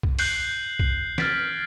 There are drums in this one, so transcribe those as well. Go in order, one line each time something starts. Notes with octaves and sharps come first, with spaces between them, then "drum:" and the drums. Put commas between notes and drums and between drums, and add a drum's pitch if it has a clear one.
drum: kick
F#6 G6 C7 F#7, drum: open hi-hat
drum: kick
F6 G#6 A6 B6 D7, drum: snare